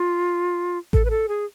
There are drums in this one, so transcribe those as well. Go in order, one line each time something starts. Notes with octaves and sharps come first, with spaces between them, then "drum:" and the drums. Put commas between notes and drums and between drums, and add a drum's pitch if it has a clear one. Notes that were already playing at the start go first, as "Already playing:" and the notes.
Already playing: F4
A4, drum: kick A1
B4
A4
G#4